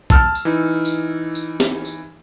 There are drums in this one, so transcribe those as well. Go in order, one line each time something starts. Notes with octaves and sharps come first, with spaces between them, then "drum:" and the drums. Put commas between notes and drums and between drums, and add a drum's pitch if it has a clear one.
A5 E6 F6, drum: kick A#1
drum: tambourine
E3 D#4
drum: tambourine
drum: tambourine
drum: snare
drum: tambourine